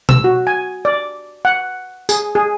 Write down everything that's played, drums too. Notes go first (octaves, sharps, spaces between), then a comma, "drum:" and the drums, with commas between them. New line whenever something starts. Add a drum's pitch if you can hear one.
E6, drum: tom B2
F#4
G#5
D5
F#5
G#4, drum: tambourine
G#4